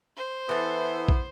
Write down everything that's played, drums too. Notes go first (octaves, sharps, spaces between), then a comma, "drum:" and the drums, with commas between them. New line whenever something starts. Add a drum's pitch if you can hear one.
C5
E3 B3 E4 A4 B4
drum: kick